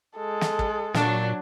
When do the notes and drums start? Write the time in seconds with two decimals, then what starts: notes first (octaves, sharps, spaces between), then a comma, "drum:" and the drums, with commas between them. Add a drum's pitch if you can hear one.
0.16 G#3 A4
0.41 drum: snare
0.59 drum: kick
0.94 A#2 F#3 D4, drum: snare